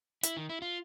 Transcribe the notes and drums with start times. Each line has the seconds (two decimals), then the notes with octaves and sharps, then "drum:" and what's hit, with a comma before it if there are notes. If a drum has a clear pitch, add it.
0.23 E4, drum: hi-hat
0.37 D#3
0.49 E4
0.62 F4